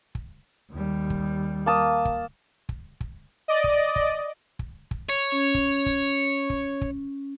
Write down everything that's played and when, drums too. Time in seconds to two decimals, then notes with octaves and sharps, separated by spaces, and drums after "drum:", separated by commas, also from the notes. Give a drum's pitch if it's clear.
0.15 drum: kick
0.71 D#2 G3
1.10 drum: kick
1.66 A#3 A5 D#6
2.05 drum: kick
2.69 drum: kick
3.01 drum: kick
3.48 D5 D#5
3.64 drum: kick
3.96 drum: kick
4.59 drum: kick
4.91 drum: kick
5.09 C#5
5.32 C#4
5.54 drum: kick
5.86 drum: kick
6.50 drum: kick
6.81 drum: kick